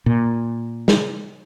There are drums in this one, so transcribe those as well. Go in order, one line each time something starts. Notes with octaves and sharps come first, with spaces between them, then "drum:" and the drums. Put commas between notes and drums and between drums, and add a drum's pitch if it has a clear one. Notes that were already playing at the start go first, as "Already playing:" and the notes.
A#2
drum: snare